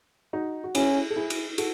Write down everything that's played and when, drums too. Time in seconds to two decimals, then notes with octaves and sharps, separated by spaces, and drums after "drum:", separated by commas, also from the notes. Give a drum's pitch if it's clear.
0.33 D#4 F#4
0.64 F#4
0.75 C#4 E4 G#4, drum: cymbal
1.10 A4
1.16 E4 G#4
1.30 drum: cymbal
1.58 F#4 A4, drum: cymbal